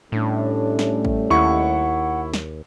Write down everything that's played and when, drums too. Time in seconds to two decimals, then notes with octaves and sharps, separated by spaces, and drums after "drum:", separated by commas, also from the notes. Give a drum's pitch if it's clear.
0.12 A2 G3 A3 C#4 D4
0.79 drum: snare
1.05 drum: kick A1
1.30 D#2 E4 F#5 C#6
2.34 drum: snare